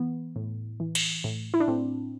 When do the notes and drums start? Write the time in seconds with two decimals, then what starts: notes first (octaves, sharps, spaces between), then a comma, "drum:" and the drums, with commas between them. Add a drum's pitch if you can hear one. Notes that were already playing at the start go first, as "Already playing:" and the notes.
Already playing: E3 B3
0.36 A2
0.80 E3
0.95 drum: cymbal
1.24 A2
1.54 E4
1.60 D4
1.68 A2 C4